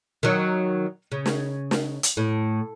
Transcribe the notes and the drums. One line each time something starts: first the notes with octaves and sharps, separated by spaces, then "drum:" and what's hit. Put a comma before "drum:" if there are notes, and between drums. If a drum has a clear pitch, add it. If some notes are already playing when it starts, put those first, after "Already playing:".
D#3 F#3
C#3
drum: snare
drum: snare
drum: hi-hat
A2